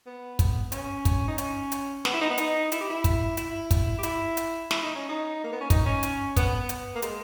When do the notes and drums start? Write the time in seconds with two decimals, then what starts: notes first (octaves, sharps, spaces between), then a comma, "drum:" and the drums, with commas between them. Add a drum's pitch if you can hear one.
0.06 B3
0.39 drum: kick, hi-hat
0.72 C#4, drum: hi-hat
1.05 drum: kick, hi-hat
1.28 D#4
1.38 C#4, drum: hi-hat
1.72 drum: hi-hat
2.05 B3, drum: snare
2.13 E4
2.21 D#4
2.30 B3
2.38 D#4, drum: hi-hat
2.72 E4, drum: hi-hat
2.80 G4
2.90 E4
3.04 drum: kick, hi-hat
3.37 E4, drum: hi-hat
3.71 drum: kick, hi-hat
3.98 G4
4.03 E4, drum: hi-hat
4.37 drum: hi-hat
4.71 E4, drum: snare
4.83 D#4
4.95 C#4
5.09 D#4
5.44 A#3
5.53 B3
5.61 C#4
5.70 D#4, drum: kick, hi-hat
5.86 C#4
6.03 drum: hi-hat
6.36 B3, drum: kick, hi-hat
6.69 drum: hi-hat
6.95 A#3
7.02 G#3, drum: hi-hat